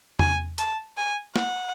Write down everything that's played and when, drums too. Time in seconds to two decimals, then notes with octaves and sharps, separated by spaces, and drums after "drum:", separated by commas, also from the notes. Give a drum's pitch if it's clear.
0.19 G#5, drum: tom E2
0.58 A5, drum: hi-hat
0.97 G#5
1.36 F#5, drum: snare